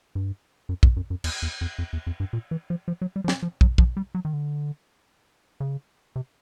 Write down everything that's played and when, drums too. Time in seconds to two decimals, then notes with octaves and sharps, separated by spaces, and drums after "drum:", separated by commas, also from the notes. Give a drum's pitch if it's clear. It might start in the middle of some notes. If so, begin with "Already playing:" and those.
0.15 G2
0.69 F#2
0.83 F2, drum: kick
0.96 F#2
1.10 F#2
1.24 E2, drum: cymbal
1.42 E2
1.61 F2
1.79 F2
1.93 E2
2.07 F2
2.20 G2
2.33 A#2
2.51 E3
2.70 F3
2.88 F3
3.01 F#3
3.16 G3
3.24 F3
3.28 F#3, drum: snare
3.42 F3
3.61 F#3, drum: kick
3.78 F3, drum: kick
3.97 G3
4.15 F#3
4.25 D#3
4.33 D3
5.60 C#3
6.16 C3